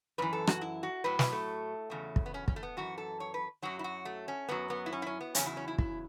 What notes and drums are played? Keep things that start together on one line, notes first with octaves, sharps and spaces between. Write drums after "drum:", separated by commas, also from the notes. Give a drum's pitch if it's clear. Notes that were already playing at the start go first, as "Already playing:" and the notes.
F#2 E3 B4
A4
F#4, drum: rim click
E4
F#4
A2 F#3 B4
B4, drum: snare
A3
E2 C#3 F#3
drum: kick
B3
C#4
C#4, drum: kick
A3
B3
F#2 E3 F#4
A4
C#5
B4
F#2 F#3 F#4
E4
F#4
A3
C#4
F#2 F#3 B3
B3
E4
C#4
E4
C#4
B3
E2 C#3 F#3 C#4, drum: hi-hat
E4
C#4
E4
E4, drum: kick